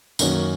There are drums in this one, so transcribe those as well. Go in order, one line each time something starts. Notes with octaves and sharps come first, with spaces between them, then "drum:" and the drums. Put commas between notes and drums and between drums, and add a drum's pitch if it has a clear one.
F#2 D#3 A#3 C#4 F#4, drum: tambourine